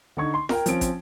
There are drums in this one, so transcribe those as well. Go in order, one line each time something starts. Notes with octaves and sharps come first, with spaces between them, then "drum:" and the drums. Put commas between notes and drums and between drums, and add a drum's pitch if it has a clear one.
D3 D#4 C#6 G#6
C6
A#4 G5, drum: snare
F3 C4 C#4 D7, drum: hi-hat
drum: kick, hi-hat